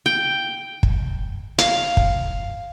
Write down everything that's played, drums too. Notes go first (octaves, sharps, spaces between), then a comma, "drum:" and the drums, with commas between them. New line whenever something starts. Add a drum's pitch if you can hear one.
G5
drum: kick
F5, drum: hi-hat
drum: kick